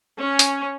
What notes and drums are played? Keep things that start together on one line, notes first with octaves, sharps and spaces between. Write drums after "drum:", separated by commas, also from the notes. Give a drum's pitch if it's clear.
C#4
drum: hi-hat